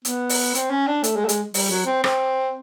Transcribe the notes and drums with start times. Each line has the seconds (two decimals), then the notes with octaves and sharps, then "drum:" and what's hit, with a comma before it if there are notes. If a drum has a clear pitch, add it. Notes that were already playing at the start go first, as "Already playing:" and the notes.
0.05 B3, drum: hi-hat
0.29 drum: open hi-hat
0.55 C4, drum: hi-hat
0.70 C#4
0.87 D4
1.04 A3, drum: hi-hat
1.16 G#3
1.25 A3
1.29 G#3, drum: hi-hat
1.54 G3, drum: open hi-hat
1.70 F#3
1.86 C4
2.04 C4, drum: rim click